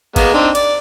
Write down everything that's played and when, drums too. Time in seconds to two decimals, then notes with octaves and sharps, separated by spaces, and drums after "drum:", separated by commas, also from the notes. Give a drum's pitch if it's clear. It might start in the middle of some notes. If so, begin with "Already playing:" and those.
0.16 G#3 A#3 B3, drum: kick, cymbal
0.34 C4 D4 D#4
0.55 D5, drum: cymbal